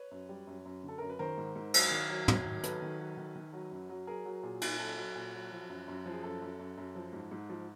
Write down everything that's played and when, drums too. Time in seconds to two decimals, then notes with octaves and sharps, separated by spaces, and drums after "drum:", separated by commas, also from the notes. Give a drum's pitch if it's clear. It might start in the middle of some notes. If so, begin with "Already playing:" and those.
Already playing: B4 C#5
0.11 F#2
0.29 G3
0.47 F#2
0.66 F#2
0.83 D3 A4
0.98 F#2 A#4
1.10 B4
1.19 D#3 A#4 C5
1.38 G#2
1.56 G#2
1.74 F#3, drum: cymbal
1.91 D#3
2.10 F#3
2.28 F#3, drum: tom
2.45 D#3
2.63 F#3 A4 B4, drum: hi-hat
2.82 D#3
2.99 F#3
3.17 D#3
3.36 D#3
3.53 F#3
3.72 F#2
3.89 F#3
4.07 F#3 G#4 A#4
4.25 F#3
4.43 A#2 G#4
4.61 A#2, drum: cymbal
4.79 F#3 A4
4.97 F#3
5.16 A#2
5.34 F#3
5.51 F3
5.69 F#2
5.88 F#2
6.06 F3
6.12 G#4
6.23 F#2 A4
6.42 F#2
6.59 F#2
6.77 F#2
6.95 F3
7.13 G#2
7.31 G#2
7.49 F3